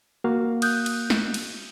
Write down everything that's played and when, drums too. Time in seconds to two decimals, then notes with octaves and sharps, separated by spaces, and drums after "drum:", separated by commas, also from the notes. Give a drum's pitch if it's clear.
0.24 A#3 F#4 F5
0.62 D#6 F#6 G6, drum: cymbal
0.86 drum: cymbal
1.10 drum: snare
1.34 drum: cymbal